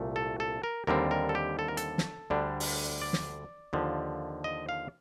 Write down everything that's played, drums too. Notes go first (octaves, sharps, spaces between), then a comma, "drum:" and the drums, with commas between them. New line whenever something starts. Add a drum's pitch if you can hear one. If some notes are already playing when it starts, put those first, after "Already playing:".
Already playing: C2 A#2 A3
A4
A4
A#4
D#2 D3 G3 C4 A#4
A#4
A4
G4
A4
A#4
A4, drum: hi-hat
drum: snare
D2 D3 G3 D4
drum: open hi-hat
D5
drum: snare
D#2 D3 F3
D#5
F5